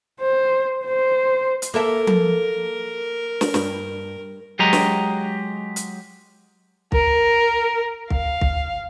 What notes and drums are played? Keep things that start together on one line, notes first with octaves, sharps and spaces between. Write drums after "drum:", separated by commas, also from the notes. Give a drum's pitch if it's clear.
C5
C5
drum: hi-hat
A#3 A4 A#4 E5
drum: tom F3
drum: snare
G2, drum: snare
F#3 G#3 G4 D#5 A#5
drum: snare
drum: hi-hat
A#4, drum: kick
F5, drum: kick
drum: kick